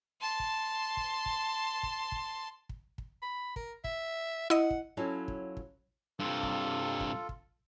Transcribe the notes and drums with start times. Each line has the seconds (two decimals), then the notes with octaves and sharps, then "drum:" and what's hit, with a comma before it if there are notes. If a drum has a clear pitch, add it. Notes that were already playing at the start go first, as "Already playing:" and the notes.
0.21 A5 C6
0.40 drum: kick
0.97 drum: kick
1.26 drum: kick
1.83 drum: kick
2.12 drum: kick
2.69 drum: kick
2.98 drum: kick
3.22 B5
3.56 A#4, drum: kick
3.84 E5, drum: kick
4.50 E4 D#5 F#5
4.70 drum: kick
4.97 F#3 C#4 E4 F4 A4
5.28 drum: kick
5.57 drum: kick
6.20 G2 C3 F4 A4
6.43 drum: kick
7.00 drum: kick
7.29 drum: kick